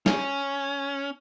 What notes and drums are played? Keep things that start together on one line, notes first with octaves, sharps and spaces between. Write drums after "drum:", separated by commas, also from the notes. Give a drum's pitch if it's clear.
C#4, drum: snare